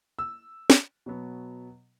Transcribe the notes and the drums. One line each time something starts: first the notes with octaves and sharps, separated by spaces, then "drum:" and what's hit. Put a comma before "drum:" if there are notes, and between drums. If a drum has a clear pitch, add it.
E6
drum: snare
B2 F#3 B3